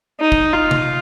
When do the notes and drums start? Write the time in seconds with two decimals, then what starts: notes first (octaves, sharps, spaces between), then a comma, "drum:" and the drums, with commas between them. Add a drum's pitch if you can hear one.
0.21 D#4
0.32 drum: kick
0.53 F4
0.71 drum: tom C3